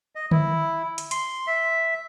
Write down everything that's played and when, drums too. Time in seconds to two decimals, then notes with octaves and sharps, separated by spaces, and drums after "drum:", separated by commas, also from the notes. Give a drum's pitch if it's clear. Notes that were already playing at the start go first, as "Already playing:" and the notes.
0.15 D#5
0.31 E4, drum: tom D3
0.98 drum: hi-hat
1.11 C6, drum: hi-hat
1.47 E5